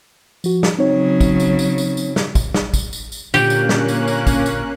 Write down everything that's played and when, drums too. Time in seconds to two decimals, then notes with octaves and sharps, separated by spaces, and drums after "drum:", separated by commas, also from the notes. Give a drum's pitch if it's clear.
0.44 F3 F#4, drum: tambourine
0.63 drum: snare
0.79 C#3 F#3 C4 D#4 C#5
1.21 drum: kick, tambourine
1.40 drum: tambourine
1.59 drum: tambourine
1.78 drum: tambourine
1.97 drum: tambourine
2.16 drum: snare
2.35 drum: kick, tambourine
2.54 drum: snare
2.74 drum: kick, tambourine
2.93 drum: tambourine
3.12 drum: tambourine
3.34 A#2 D3 A#3 C#4 G4 F#6, drum: tambourine
3.50 drum: tambourine
3.69 drum: snare
3.88 drum: tambourine
4.08 drum: tambourine
4.27 drum: kick, tambourine
4.46 drum: tambourine